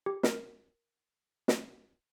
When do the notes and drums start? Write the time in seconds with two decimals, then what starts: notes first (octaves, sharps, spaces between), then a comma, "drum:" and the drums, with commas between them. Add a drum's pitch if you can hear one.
0.06 G4
0.23 A#4, drum: snare
1.48 drum: snare